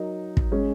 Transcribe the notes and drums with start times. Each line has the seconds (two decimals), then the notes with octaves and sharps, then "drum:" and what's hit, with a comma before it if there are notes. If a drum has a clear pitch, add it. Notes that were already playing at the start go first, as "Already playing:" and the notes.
Already playing: F#3 D#4 A#4
0.37 drum: kick
0.52 G#3 C#4 G#4